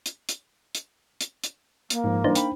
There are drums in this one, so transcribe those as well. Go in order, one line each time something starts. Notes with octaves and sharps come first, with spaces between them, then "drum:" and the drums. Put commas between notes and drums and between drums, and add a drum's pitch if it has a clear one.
drum: hi-hat
drum: hi-hat
drum: hi-hat
drum: hi-hat
drum: hi-hat
A#3, drum: hi-hat
G#2 F3
E3 G3 D4 D#4 C5
G5 B5, drum: hi-hat